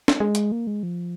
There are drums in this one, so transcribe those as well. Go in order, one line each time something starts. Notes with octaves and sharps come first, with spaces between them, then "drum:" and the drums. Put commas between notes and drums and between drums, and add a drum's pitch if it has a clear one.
drum: snare D4
G#3
drum: hi-hat
A#3
G#3
F3